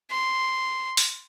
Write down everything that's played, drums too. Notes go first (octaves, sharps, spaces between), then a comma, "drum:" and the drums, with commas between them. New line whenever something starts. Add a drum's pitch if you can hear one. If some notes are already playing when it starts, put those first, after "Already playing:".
C6
drum: open hi-hat